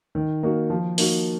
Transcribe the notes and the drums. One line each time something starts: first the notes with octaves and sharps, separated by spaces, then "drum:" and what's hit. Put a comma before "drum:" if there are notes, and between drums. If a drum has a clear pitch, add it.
D#3
A#3 D#4 F#4
F3
A#3 D#4 F#4, drum: open hi-hat